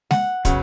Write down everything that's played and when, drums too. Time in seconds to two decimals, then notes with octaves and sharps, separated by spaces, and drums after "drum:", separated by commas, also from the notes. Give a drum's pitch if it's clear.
0.11 F#5, drum: snare G#3
0.45 C#3 F#3 B3, drum: kick, hi-hat